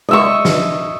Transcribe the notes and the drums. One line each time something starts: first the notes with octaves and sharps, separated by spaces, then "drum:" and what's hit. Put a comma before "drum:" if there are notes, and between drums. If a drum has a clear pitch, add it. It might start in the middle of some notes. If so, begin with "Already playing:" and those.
D#5 E5 C#6, drum: tom G#3
drum: snare